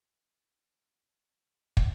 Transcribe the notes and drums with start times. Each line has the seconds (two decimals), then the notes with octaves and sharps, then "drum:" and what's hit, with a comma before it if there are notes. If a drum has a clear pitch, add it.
0.07 C3 F3 G#3 D#5
0.22 G#5
0.35 G#5
0.45 D5
0.55 C5
0.64 G#4
0.78 D4
0.92 F4
1.77 drum: kick